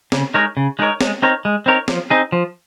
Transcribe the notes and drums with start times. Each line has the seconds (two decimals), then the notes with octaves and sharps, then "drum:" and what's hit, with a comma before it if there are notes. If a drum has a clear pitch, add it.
0.12 C#3, drum: snare
0.34 G#3 D#4 A#4 C#5
0.57 C#3
0.79 G#3 D#4 A#4 C#5
1.01 G#3, drum: snare
1.22 C4 D#4 A#4 C#5
1.45 G#3
1.66 C4 D#4 A#4 C#5
1.88 F3, drum: snare
2.10 C4 D#4 G#4
2.32 F3